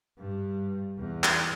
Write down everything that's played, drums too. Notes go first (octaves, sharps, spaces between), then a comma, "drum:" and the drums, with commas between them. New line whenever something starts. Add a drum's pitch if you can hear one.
G2
E2
drum: clap